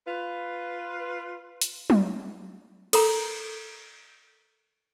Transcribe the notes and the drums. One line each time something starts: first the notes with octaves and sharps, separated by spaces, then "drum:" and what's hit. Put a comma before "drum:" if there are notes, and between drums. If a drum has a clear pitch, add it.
F4 B4
drum: hi-hat
drum: tom F#3
A4 A#4 A#5, drum: cymbal